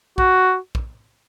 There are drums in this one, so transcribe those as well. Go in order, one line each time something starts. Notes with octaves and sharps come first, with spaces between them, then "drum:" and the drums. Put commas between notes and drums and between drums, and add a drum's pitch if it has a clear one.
F#4, drum: kick
drum: kick